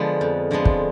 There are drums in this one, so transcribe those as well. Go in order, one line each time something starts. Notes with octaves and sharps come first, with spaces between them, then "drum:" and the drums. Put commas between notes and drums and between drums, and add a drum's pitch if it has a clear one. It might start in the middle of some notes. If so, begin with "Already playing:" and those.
Already playing: D3 F3 G#3 B3
F2
D3 F3 G#3 B3
drum: kick